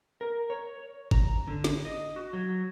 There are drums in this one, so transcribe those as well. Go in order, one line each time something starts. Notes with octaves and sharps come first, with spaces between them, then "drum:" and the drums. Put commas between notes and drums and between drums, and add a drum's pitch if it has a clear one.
A#4
C#5
A#5, drum: kick
D3
drum: snare
D#5
F#4
F#3